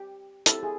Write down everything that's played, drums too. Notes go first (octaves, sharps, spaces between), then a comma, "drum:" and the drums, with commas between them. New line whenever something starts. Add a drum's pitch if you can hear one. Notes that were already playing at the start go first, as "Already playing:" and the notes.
Already playing: G4
C4 E4 G4 A4, drum: hi-hat
G#4